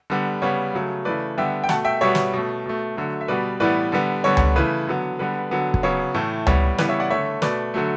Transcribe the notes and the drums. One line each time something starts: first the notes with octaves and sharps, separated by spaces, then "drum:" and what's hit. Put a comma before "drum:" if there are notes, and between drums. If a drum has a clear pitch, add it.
D3 G3 B3
C#3 G3 B3 C#5
C#3 F#3 A3
C#3 E3 A3 B4 D5
D3 G3 B3 E5 G5
G5
B2 A3 F#5 A5, drum: snare
E5 G5
B2 G3 B3 C#5 E5
drum: snare
B2 A3
B2 A3
D3 F#3 A3
E5
B2 G3 B3 B4 D5
A2 E3 G3 B3 B4 D5
D3 G3 B3
D3 G3 B3 C#5
drum: tom C#2
C#3 E3 A3 B4
D3 F#3 B3
D3 G3 B3 B4
D3 F#3 B3
drum: kick
C#3 F#3 B3 C#5
A2 E3 A3
A2 G3 B3 C#5, drum: tom C#2
C#3 E3 G3 B3 B4 D5, drum: snare
C#5 E5
D5 F#5
D3 A3 C#5 E5
B2 A3 B4 D5, drum: snare
D3 F#3 A3